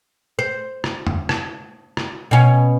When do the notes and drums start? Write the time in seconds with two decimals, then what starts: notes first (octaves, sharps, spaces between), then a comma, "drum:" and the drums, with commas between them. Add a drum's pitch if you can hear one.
0.39 C5
0.84 drum: rim click
1.07 drum: tom
1.29 drum: rim click
1.97 drum: rim click
2.31 B2 C#4